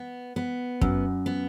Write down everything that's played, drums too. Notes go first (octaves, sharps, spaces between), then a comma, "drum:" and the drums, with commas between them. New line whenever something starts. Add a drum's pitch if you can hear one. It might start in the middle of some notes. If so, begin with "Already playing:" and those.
Already playing: B3
B3
F#2, drum: kick
B3